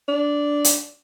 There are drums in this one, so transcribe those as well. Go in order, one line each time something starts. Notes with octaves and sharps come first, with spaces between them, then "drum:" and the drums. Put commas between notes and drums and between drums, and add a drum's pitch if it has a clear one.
D4
drum: hi-hat